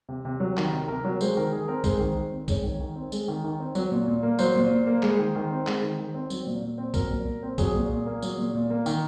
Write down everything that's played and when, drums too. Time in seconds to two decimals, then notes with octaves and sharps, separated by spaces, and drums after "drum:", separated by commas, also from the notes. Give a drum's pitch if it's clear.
0.09 C3
0.25 C3
0.40 F#3
0.57 D#3, drum: clap
0.72 C3
0.88 C3 A#4
1.04 F#3
1.21 G#3 C5, drum: tambourine
1.37 D#3 A#4
1.52 D#3 G#4
1.68 C4 A#4
1.84 G#3 C5, drum: kick, tambourine
2.00 D#3
2.16 D#3
2.32 C4
2.48 G#3 C#5, drum: kick, tambourine
2.64 D#3
2.80 D#3
2.96 C4
3.12 G#3, drum: tambourine
3.28 D#3
3.44 D#3
3.60 C4
3.75 F#3, drum: tambourine
3.92 A#2
4.08 A#2
4.23 A#3
4.39 F#3 C5, drum: tambourine
4.55 A#2
4.71 A#2
4.87 A#3
5.03 G#3, drum: clap
5.19 D#3
5.35 D#3
5.51 C4
5.67 G#3, drum: clap
5.82 D#3
5.99 D#3
6.14 C4
6.30 F#3, drum: tambourine
6.46 A#2
6.62 A#2
6.78 C4
6.94 F#3 A#4, drum: kick, tambourine
7.10 A#2
7.26 A#2
7.43 C4
7.58 F#3 G#4, drum: kick, tambourine
7.74 A#2
7.90 A#2
8.06 A#3
8.22 F#3, drum: tambourine
8.38 A#2
8.54 A#2
8.70 A#3
8.86 D#3, drum: tambourine